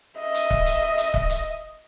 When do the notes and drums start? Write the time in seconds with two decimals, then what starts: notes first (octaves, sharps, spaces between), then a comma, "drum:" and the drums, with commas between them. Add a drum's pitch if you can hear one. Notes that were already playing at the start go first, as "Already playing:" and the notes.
0.19 D#5 E5
0.35 drum: hi-hat
0.50 drum: kick
0.66 drum: hi-hat
0.98 drum: hi-hat
1.14 drum: kick
1.30 drum: hi-hat